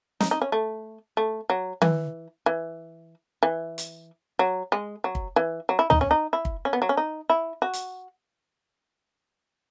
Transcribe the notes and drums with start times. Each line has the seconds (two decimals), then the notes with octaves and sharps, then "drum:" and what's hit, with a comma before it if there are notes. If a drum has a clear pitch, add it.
0.20 D#4, drum: snare
0.31 D#4
0.42 C#4
0.52 A3
1.17 A3
1.50 F#3
1.82 E3, drum: tom D#3
2.46 E3
3.43 E3
3.78 drum: hi-hat
4.39 F#3
4.72 G#3
5.04 F#3
5.15 drum: kick
5.36 E3
5.69 F#3
5.79 E4
5.90 D#4, drum: tom
6.01 C#4
6.11 D#4
6.33 E4
6.45 drum: kick
6.65 C#4
6.73 B3
6.82 F#3
6.89 C#4
6.97 D#4
7.30 E4
7.62 F#4
7.73 drum: hi-hat